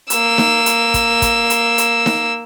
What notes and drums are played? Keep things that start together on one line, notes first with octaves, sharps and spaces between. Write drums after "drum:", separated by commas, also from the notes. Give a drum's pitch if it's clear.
A#3 E6, drum: hi-hat
drum: snare D#4
drum: hi-hat
drum: kick, hi-hat
drum: kick, hi-hat
drum: hi-hat
drum: hi-hat
drum: snare D#4